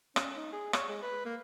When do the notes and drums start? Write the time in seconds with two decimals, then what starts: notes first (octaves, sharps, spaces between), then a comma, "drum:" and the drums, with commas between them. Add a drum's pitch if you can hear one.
0.16 C#4, drum: rim click
0.36 D#4
0.52 G#4
0.73 C#5, drum: rim click
0.89 G#3
1.02 B4
1.25 A#3